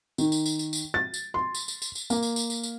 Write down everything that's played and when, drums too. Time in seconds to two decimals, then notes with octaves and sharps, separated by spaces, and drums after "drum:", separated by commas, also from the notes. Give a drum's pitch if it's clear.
0.18 D#3, drum: tambourine
0.32 drum: tambourine
0.46 drum: tambourine
0.59 drum: tambourine
0.73 drum: tambourine
0.94 A6
1.14 drum: tambourine
1.34 C6
1.55 drum: tambourine
1.68 drum: tambourine
1.82 drum: tambourine
1.95 drum: tambourine
2.10 A#3, drum: tambourine
2.23 drum: tambourine
2.36 drum: tambourine
2.50 drum: tambourine
2.63 drum: tambourine